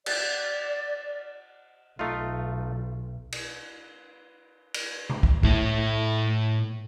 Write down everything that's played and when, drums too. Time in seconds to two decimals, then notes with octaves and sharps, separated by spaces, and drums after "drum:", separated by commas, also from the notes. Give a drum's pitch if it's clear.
0.06 D5, drum: cymbal
1.99 B1 A3 D#4 F4
3.32 drum: cymbal
4.74 drum: cymbal
5.10 drum: tom C3
5.23 drum: kick
5.43 A2 E4, drum: kick